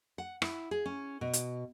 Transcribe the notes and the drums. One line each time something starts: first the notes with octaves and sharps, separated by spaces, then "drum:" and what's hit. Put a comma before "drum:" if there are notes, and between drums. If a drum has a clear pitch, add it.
F#5
E4, drum: rim click
G#4
C#4
B2
drum: hi-hat